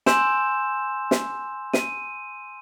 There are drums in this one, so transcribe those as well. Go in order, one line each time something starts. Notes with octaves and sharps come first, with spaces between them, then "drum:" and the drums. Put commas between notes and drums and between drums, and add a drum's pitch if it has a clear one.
G#5 C6 E6 G6 E7, drum: snare
drum: snare
D#7, drum: snare